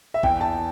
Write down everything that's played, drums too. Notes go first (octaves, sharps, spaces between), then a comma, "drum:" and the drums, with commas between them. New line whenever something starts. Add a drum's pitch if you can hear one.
E5
E2 G5, drum: kick A#1
A5